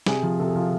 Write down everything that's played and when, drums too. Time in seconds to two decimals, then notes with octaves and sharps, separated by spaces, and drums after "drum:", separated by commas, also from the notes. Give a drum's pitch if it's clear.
0.06 C3 G#4, drum: snare
0.23 F3
0.40 C3 A4
0.48 G#4
0.55 F3 F4